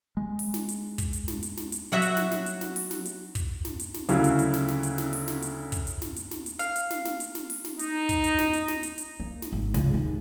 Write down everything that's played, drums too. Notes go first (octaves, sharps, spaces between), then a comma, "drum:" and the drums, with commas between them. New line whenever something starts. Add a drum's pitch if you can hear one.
G#3
drum: open hi-hat
drum: snare
drum: hi-hat
drum: kick, hi-hat
drum: hi-hat
drum: snare
drum: hi-hat
drum: snare
drum: hi-hat
F#3 F#4 E5
drum: hi-hat
drum: snare
drum: snare
drum: hi-hat
drum: snare
drum: open hi-hat
drum: snare
drum: hi-hat
drum: kick, hi-hat
drum: snare
drum: hi-hat
drum: snare
D2 C#3 F#3 E4 F5, drum: hi-hat
drum: hi-hat
drum: hi-hat
drum: snare
drum: snare
drum: hi-hat
drum: snare
drum: open hi-hat
drum: snare
drum: hi-hat
drum: kick, hi-hat
drum: hi-hat
drum: snare
drum: hi-hat
drum: snare
drum: hi-hat
F5, drum: hi-hat
drum: hi-hat
drum: snare
drum: snare
drum: hi-hat
drum: snare
drum: open hi-hat
drum: snare
D#4, drum: hi-hat
drum: kick, hi-hat
drum: hi-hat
drum: snare
drum: hi-hat
drum: snare
drum: hi-hat
drum: hi-hat
A#3
drum: snare
G#1
C#2, drum: snare
D#2